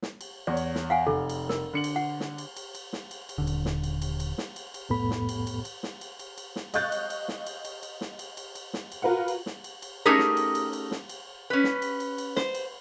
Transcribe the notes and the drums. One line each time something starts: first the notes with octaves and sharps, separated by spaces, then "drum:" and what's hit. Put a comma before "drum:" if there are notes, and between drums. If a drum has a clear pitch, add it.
drum: snare
drum: cymbal
E2 C#5 D5
drum: cymbal
drum: snare
F5 F#5 G#5
F1 A4
drum: cymbal
A#4, drum: snare
D3 C#7 F#7
drum: cymbal
F#5
drum: snare
drum: cymbal
drum: cymbal
drum: cymbal
drum: snare
drum: cymbal
drum: cymbal
D#1 D3
drum: cymbal
drum: snare
drum: cymbal
drum: cymbal
drum: cymbal
drum: snare
drum: cymbal
drum: cymbal
C2 F2 A2 B3 A4 B5
drum: snare
drum: cymbal
drum: cymbal
drum: cymbal
drum: snare
drum: cymbal
drum: cymbal
drum: cymbal
drum: snare
D#5 F5 C#6 F#6 G6 A6, drum: cymbal
drum: cymbal
drum: cymbal
drum: snare
drum: cymbal
drum: cymbal
drum: cymbal
drum: snare
drum: cymbal
drum: cymbal
drum: cymbal
drum: snare
drum: cymbal
F4 F#4 A#4 B4 F5 F#5
drum: cymbal
drum: snare
drum: cymbal
drum: cymbal
A3 C#4 D#4 G4 G#4 A#4
drum: snare
drum: cymbal
drum: cymbal
drum: cymbal
drum: snare
drum: cymbal
C#4 B4
drum: snare
drum: cymbal
drum: cymbal
drum: cymbal
C5, drum: snare
drum: cymbal